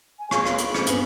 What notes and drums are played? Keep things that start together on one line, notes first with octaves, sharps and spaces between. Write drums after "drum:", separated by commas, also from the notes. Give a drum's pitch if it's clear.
G#5
F4 G#4 C#5, drum: rim click
F4 B5 F#6, drum: rim click
B5 D6, drum: hi-hat
C4 C#4 A4, drum: rim click
G2 B3, drum: hi-hat